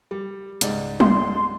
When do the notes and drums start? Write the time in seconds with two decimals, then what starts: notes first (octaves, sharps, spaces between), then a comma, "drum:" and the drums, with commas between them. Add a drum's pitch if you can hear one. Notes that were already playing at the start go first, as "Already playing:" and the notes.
0.11 G3
0.61 C#2 G#2 D5, drum: hi-hat
1.00 C6, drum: tom